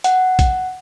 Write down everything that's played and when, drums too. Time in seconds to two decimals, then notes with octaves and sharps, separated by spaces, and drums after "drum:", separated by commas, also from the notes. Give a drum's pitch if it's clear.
0.04 F#5, drum: hi-hat
0.39 drum: kick A#1, hi-hat